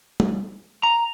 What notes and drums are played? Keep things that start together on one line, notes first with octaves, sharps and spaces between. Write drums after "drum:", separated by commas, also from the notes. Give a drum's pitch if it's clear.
drum: tom
A#5